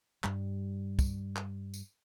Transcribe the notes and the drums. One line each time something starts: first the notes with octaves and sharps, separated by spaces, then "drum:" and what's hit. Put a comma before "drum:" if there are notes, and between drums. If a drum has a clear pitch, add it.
G2 G3, drum: clap
drum: kick, tambourine
drum: clap
drum: tambourine